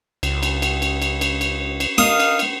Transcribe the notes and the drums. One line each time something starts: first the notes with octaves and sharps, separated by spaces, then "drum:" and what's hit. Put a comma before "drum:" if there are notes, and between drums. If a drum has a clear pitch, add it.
C#2, drum: cymbal
drum: cymbal
drum: cymbal
drum: cymbal
drum: cymbal
drum: cymbal
drum: cymbal
drum: cymbal
A#4 D#5 F5 D#6, drum: cymbal
drum: cymbal
drum: cymbal